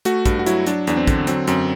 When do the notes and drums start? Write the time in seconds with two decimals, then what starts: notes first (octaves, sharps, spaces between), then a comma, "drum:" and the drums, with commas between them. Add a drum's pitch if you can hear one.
0.05 A3 F#4, drum: hi-hat
0.26 G2, drum: kick, hi-hat
0.39 F#4
0.46 F#3 E4, drum: hi-hat
0.66 F#3 D4, drum: hi-hat
0.87 E2 D4, drum: hi-hat
0.97 C4
1.07 D3, drum: kick, hi-hat
1.27 F#3 C4, drum: hi-hat
1.47 F#2 C4, drum: hi-hat